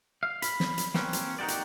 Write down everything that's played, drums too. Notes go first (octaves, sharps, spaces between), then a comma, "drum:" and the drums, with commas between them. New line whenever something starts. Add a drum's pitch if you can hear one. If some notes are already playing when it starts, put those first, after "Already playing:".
F5
B5, drum: hi-hat
drum: snare
drum: hi-hat
A#3 C4 C#4 B4, drum: snare
drum: hi-hat
A#3 D#4 F#4 G4 D5
drum: hi-hat